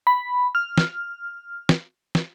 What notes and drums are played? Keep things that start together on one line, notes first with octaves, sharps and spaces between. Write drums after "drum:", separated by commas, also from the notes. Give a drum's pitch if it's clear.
B5
F6
drum: snare
drum: snare
drum: snare